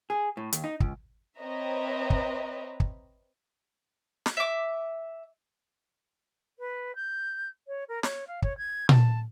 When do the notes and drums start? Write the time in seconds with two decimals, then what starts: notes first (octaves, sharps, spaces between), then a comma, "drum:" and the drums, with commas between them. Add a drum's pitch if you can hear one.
0.10 G#4
0.37 A2
0.53 D#2, drum: hi-hat
0.64 D#4
0.80 C#2, drum: kick
1.39 C4 B4 C#5 D#5 E5 A#5
2.10 drum: kick
2.80 drum: kick
4.26 drum: snare
4.37 E5 D6
6.59 B4
6.95 G6
7.67 C#5
7.88 A#4
8.03 C#5, drum: snare
8.27 F5
8.42 C#5, drum: kick
8.57 G#6
8.89 A5, drum: tom A#2